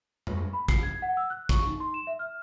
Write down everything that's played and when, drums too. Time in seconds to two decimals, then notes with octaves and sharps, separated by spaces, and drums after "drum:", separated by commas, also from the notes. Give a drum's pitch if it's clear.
0.27 drum: tom F2
0.53 B5
0.68 C7, drum: kick, hi-hat
0.83 G#6
1.02 F#5
1.17 E6
1.30 F#6
1.49 C#6, drum: kick, hi-hat
1.67 D#4
1.80 C6
1.94 E7
2.07 E5
2.19 F6